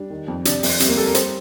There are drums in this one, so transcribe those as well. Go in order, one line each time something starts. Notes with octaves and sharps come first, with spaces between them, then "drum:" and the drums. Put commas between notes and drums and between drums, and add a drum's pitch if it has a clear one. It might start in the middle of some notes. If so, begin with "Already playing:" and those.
Already playing: G3 D4
D#3
F2
C3 D4, drum: hi-hat
F2, drum: open hi-hat
G3 C4, drum: hi-hat
A#3
G3 A4
A#4
G3 C5, drum: hi-hat